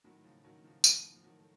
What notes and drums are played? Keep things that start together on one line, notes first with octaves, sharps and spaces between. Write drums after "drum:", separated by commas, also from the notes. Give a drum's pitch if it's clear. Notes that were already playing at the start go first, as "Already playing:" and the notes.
A2 D#3 F#3
C#3 F3
A2
D#3 F#3
A2
C#3 F3
A2 C#3 F3, drum: tambourine
A2 F3
D#3 F#3
A3